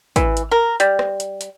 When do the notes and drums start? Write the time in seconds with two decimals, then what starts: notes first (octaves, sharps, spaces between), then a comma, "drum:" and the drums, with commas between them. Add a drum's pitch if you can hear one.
0.16 E3, drum: kick, hi-hat
0.37 drum: hi-hat
0.51 A#4
0.80 G3, drum: hi-hat
0.99 drum: rim click
1.20 drum: hi-hat
1.41 drum: hi-hat